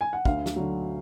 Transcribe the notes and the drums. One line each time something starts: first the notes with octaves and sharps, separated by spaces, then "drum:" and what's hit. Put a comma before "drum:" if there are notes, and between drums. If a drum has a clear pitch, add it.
G#5
F#5
D2 F5, drum: kick
drum: snare
D3 F#3